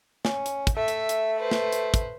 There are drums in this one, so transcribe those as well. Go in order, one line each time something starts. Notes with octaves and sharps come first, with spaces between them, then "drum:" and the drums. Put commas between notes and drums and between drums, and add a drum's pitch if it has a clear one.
C#4, drum: snare
drum: hi-hat
drum: kick, hi-hat
A3 E5
drum: hi-hat
drum: hi-hat
B4 C5
drum: snare
drum: hi-hat
drum: kick, hi-hat